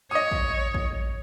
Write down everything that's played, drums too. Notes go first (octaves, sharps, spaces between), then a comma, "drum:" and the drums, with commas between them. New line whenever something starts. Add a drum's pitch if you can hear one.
C#5 D#5 D#6
drum: kick
drum: kick